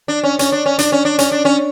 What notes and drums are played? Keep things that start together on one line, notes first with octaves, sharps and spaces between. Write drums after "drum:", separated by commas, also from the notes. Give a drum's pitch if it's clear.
D4
C#4
C#4, drum: hi-hat
D4
C#4
D4, drum: hi-hat
C#4
D4
C#4, drum: hi-hat
D4
C#4